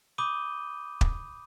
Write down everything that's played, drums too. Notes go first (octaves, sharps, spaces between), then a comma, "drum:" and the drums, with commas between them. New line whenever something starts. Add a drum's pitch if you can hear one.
B5 D6 D#6 G6 D#7 G7
drum: kick